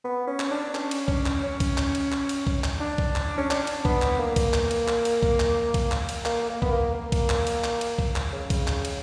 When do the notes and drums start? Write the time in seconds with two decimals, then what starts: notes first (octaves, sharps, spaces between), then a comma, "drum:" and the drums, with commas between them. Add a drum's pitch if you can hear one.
0.05 B3
0.28 C#4
0.40 drum: clap
0.51 D4
0.75 C#4, drum: clap
0.91 drum: cymbal
1.08 C#4, drum: kick
1.26 drum: clap
1.44 C#4
1.60 drum: kick, cymbal
1.78 drum: clap
1.95 drum: cymbal
2.12 drum: clap
2.29 drum: cymbal
2.47 drum: kick
2.64 drum: clap
2.80 D4
2.98 drum: kick
3.16 drum: clap
3.38 C#4
3.51 D4, drum: clap
3.67 drum: cymbal
3.85 B3, drum: kick
4.02 drum: clap
4.20 A#3
4.36 drum: kick, cymbal
4.54 drum: clap
4.71 drum: cymbal
4.88 drum: clap
5.05 drum: cymbal
5.23 drum: kick
5.40 drum: clap
5.74 drum: kick, cymbal
5.92 drum: clap
6.09 drum: cymbal
6.25 A#3, drum: clap
6.50 A#3
6.62 B3, drum: kick
6.73 A#3
6.94 A#3
7.12 drum: kick, cymbal
7.29 drum: clap
7.47 drum: cymbal
7.64 drum: clap
7.81 drum: cymbal
7.98 drum: kick
8.16 drum: clap
8.33 C#3
8.50 drum: kick, cymbal
8.67 drum: clap
8.85 drum: cymbal